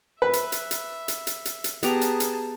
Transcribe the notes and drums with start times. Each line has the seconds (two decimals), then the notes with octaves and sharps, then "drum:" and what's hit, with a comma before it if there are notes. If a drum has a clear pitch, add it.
0.22 B4 E5
0.33 drum: hi-hat
0.52 drum: hi-hat
0.71 drum: hi-hat
1.08 drum: hi-hat
1.27 drum: hi-hat
1.45 drum: hi-hat
1.64 drum: hi-hat
1.83 B3 G4 G#4 A5 A#5, drum: hi-hat
2.01 drum: hi-hat
2.20 drum: hi-hat